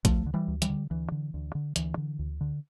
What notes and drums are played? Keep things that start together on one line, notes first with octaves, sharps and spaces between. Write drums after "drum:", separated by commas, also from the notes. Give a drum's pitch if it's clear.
D2 F3 A3, drum: kick A#1, hi-hat
D3
E3 G3
D2
E3 G3, drum: hi-hat
D3
D2 E3
D3
D2
D3
D2 E3, drum: hi-hat
D3
D2
D3